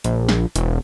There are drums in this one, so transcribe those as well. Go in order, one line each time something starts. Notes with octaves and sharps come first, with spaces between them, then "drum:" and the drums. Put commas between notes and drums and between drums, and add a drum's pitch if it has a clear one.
A#1, drum: hi-hat
drum: snare
E1, drum: hi-hat